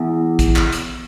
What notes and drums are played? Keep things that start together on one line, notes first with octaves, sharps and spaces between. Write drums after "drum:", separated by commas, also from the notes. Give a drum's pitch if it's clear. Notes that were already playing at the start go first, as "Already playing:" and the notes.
Already playing: E2
drum: kick A1, hi-hat
drum: clap
drum: hi-hat